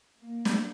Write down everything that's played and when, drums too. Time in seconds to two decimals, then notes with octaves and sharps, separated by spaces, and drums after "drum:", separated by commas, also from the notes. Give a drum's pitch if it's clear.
0.19 A#3
0.45 drum: snare